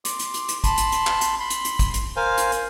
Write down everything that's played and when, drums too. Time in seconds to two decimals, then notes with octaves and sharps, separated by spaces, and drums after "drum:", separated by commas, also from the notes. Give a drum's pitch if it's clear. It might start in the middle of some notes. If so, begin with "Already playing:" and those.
0.05 C6 D6, drum: hi-hat
0.19 drum: hi-hat
0.34 drum: hi-hat
0.48 drum: hi-hat
0.64 A5 B5 C6, drum: kick, hi-hat
0.78 drum: hi-hat
0.92 drum: hi-hat
1.07 drum: clap
1.21 drum: hi-hat
1.40 B5 C6
1.50 drum: hi-hat
1.65 drum: hi-hat
1.79 drum: kick, hi-hat
1.94 drum: hi-hat
2.16 A#4 C5 F5 G#5
2.38 drum: hi-hat
2.52 drum: hi-hat